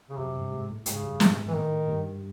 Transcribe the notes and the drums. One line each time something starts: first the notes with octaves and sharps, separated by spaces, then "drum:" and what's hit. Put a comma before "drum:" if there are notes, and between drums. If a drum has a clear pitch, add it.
C#3
F#2 C3
G2
G#2
A2
G#2 C#3, drum: hi-hat
G2
G2, drum: snare
A2
G#2
E3
A2 D#3
G2